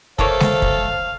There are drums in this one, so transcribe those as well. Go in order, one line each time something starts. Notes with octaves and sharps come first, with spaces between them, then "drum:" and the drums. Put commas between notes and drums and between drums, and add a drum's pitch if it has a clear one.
A3 A#3 A4 C5 C#5 F5, drum: kick
drum: snare
drum: kick